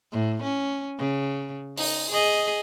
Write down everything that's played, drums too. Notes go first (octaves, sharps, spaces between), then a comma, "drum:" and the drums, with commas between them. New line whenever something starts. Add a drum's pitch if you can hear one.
A2
C#4
C#3
D#4, drum: open hi-hat
G#4 D#5